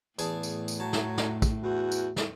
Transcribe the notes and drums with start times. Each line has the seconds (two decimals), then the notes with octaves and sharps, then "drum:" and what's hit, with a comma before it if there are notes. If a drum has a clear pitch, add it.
0.19 E2 A2 G#4 A5, drum: tambourine
0.43 drum: tambourine
0.68 drum: tambourine
0.80 F#3 A5
0.93 drum: snare
1.17 drum: snare
1.42 drum: kick, tambourine
1.63 E2 F#4
1.92 drum: tambourine
2.16 drum: snare